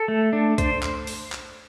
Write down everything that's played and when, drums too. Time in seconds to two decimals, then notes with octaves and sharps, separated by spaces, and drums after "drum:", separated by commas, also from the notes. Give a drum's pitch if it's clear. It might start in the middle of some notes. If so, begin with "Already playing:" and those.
Already playing: A4
0.08 A3
0.33 D4
0.58 C5, drum: kick B1, hi-hat
0.82 drum: clap
1.07 drum: open hi-hat
1.32 drum: clap